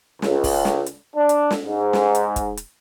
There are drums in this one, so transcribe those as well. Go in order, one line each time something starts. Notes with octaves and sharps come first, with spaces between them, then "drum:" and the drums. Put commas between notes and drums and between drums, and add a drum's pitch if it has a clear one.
C#2, drum: snare
drum: kick, open hi-hat
drum: snare
drum: hi-hat
D4
drum: hi-hat
drum: snare
G#2
drum: snare
drum: hi-hat
drum: kick, hi-hat
drum: hi-hat